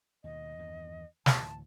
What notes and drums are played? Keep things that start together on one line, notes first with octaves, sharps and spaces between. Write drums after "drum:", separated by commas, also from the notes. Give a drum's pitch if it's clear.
D#2 B2 D#5
E2 G2 D#3
D2 A2 E3 A5, drum: snare